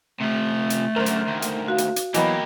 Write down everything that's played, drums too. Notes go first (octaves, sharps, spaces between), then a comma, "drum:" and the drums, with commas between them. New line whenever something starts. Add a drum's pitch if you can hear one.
C3 F3 A3
drum: hi-hat
F#2 D3 A#4 C5
drum: hi-hat
D2 D#3
drum: hi-hat
F#4 F5
drum: hi-hat
drum: hi-hat
E3 F#3 A#3 B3 G4 D#5 B5, drum: hi-hat